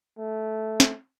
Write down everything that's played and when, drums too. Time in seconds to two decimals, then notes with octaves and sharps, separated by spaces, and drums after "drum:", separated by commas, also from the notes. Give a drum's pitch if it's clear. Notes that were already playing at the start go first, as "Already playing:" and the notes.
0.18 A3
0.80 drum: snare